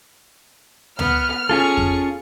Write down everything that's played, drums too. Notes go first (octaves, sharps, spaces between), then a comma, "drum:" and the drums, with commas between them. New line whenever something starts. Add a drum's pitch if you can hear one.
B3 F6, drum: tom D2
C#4 F4 G#4 A4 C#6
drum: kick F2